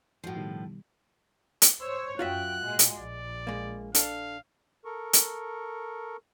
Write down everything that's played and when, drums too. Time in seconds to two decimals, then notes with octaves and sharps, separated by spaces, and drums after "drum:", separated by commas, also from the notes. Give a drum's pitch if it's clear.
0.24 A2 F3 F#4 C7
0.35 B2 D#3 G3
1.62 drum: hi-hat
1.81 C5 C#5 E6
2.19 F#2 F4 F#4 E5 G5 F#6
2.63 A#2 G#3
2.79 drum: hi-hat
2.98 A#1 D5
3.47 G#3 A#3
3.95 D4 A4 F5, drum: hi-hat
4.85 A4 A#4 C#6
5.13 drum: hi-hat